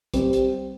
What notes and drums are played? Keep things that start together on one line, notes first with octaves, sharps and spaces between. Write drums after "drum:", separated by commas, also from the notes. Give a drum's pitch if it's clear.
G3 C4 G4, drum: kick, hi-hat
drum: hi-hat